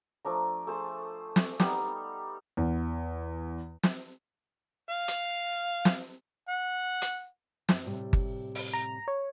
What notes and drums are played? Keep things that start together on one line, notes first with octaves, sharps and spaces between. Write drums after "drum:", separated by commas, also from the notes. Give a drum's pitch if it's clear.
F3 A3 D4 A#5
A3 G#4 C5
drum: snare
G3 B3 D#4 D#5, drum: snare
E2
drum: snare
F5
drum: hi-hat
drum: snare
F#5
drum: hi-hat
F#2, drum: snare
A2 C3 G3
drum: kick G1
drum: open hi-hat
A#5
C#5